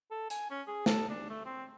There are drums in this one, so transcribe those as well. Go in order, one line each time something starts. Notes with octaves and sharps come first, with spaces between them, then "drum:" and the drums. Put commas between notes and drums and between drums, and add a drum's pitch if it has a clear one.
A4
G#5, drum: hi-hat
C#4
G#4
A4, drum: snare
D4
A3
C4